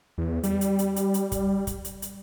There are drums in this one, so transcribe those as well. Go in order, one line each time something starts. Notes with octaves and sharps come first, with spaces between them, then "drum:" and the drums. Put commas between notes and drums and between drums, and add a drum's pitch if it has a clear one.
E2
G3, drum: hi-hat
drum: hi-hat
drum: hi-hat
drum: hi-hat
drum: hi-hat
drum: kick, hi-hat
drum: kick, hi-hat
drum: hi-hat
drum: hi-hat